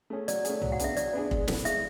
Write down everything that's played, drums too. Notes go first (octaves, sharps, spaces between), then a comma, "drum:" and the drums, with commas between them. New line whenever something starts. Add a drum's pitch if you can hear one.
A3 C#4 G#4
F#3 D5, drum: hi-hat
A3 C#4 G#4, drum: hi-hat
F#3, drum: tom C2
F#5
B3 D4 G#4 E5, drum: hi-hat
F#3 D5, drum: hi-hat
B3 D4 G#4
G#3, drum: kick
B3 E4 A4, drum: snare
G#3 E5, drum: hi-hat